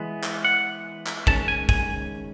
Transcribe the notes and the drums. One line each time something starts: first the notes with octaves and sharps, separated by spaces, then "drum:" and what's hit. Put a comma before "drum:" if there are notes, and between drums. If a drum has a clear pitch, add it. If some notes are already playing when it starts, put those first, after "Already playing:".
Already playing: E3 G#3 B3
drum: clap
F#5
drum: clap
D#3 G#3 C#4 A5, drum: kick
G#5
G#5, drum: kick